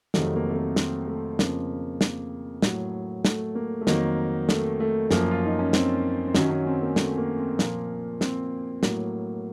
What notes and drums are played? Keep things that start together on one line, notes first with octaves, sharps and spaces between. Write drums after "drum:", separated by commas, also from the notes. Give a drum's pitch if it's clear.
F2 C3 D#3 F#3 A3, drum: snare
A#3
A3
A#3
C4, drum: snare
A3
F2 C#3 F3 A#3, drum: snare
A#3, drum: snare
A2 F#3, drum: snare
A3, drum: snare
A#3
A3
F2 D#3 F#3 A#3, drum: snare
A3, drum: snare
A3
F#2 F3 A#3, drum: snare
F4
D#4
C#4
C4, drum: snare
C4
F#2 D#3 F#3 C#4, drum: snare
C#4
C4
A#3
A3, drum: snare
A#3
C4
A#2 F3 A#3, drum: snare
C4, drum: snare
A2 F#3 A#3, drum: snare